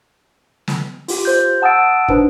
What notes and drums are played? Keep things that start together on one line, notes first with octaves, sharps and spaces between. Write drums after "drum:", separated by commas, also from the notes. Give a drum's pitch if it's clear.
drum: snare
F4 G4, drum: open hi-hat
C5 G6
F#5 A5 D#6 E6 A6 D7
D4 D#4 B4 C5, drum: kick